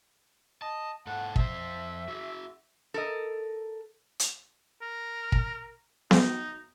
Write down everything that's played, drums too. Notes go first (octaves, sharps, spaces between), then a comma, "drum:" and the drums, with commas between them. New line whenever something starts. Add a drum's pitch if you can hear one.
D#5 A5
G#2 A4 F#5
F2 C5 E5, drum: kick
F#4 G#4
A4 A#4 D#5
drum: hi-hat
A#4
drum: kick
D#4, drum: snare B3